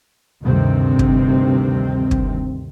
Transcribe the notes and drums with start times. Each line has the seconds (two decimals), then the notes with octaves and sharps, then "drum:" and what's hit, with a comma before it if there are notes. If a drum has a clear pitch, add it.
0.43 D2 G2 C3 D#3 C4
0.99 drum: kick
2.11 drum: kick